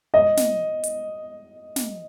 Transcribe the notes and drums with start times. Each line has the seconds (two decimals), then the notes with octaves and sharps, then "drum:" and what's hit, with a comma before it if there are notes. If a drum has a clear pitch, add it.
0.14 D#5
0.37 drum: snare
0.84 drum: hi-hat
1.76 drum: snare